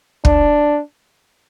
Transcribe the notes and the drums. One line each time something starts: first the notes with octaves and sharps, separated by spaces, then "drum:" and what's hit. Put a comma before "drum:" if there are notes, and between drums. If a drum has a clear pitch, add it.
D4, drum: kick